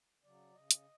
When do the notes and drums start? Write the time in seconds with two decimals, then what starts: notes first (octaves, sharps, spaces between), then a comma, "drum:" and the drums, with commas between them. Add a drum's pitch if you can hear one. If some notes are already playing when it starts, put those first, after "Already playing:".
0.23 C#3 F#3 D5
0.54 C#3 D#5
0.71 drum: hi-hat